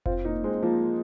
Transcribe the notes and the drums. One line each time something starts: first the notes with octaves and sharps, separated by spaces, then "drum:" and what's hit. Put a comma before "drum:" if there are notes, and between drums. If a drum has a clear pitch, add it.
C4 F4, drum: kick F1
A#3 D#4
G#3 C4
F3 A#3